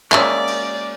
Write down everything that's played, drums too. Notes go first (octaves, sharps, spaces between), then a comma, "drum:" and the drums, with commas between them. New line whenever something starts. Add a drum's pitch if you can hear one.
G#3 A#3 C#4 D5 E5 E6, drum: clap
drum: cymbal